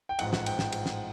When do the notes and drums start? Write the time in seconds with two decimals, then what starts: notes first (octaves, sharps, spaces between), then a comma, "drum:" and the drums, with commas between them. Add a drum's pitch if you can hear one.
0.09 G5
0.19 A1 G#2 F3 F#5, drum: cymbal
0.33 F#5, drum: snare
0.46 G5, drum: cymbal
0.59 G5, drum: snare
0.72 drum: cymbal
0.86 drum: snare